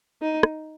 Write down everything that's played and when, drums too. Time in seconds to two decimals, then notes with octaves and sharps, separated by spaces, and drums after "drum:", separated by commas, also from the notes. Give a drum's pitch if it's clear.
0.22 D#4
0.43 drum: rim click